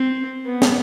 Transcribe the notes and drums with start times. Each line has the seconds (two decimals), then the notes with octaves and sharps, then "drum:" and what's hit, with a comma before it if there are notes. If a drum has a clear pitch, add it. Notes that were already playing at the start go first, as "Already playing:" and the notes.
Already playing: C4
0.46 B3
0.62 drum: snare